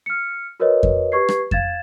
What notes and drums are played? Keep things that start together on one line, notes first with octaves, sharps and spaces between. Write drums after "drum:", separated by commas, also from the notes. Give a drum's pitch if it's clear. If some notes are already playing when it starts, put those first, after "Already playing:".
F6 C#7
F#4 A#4 B4 C#5 D#5
drum: kick F2
G4 B4 C#6 G#6 C7
drum: rim click
F5 G#6 A6 E7, drum: kick F2